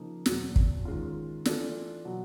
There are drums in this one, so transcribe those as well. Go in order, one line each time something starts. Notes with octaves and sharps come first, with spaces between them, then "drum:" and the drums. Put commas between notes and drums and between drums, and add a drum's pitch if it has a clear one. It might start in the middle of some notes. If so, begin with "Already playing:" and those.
Already playing: C#3 F3 A#3 D#4
E2 B2 F#3, drum: snare
drum: kick
D#3 G#3 C#4 F4
E3 A3 D4 F4, drum: snare
B2 F#3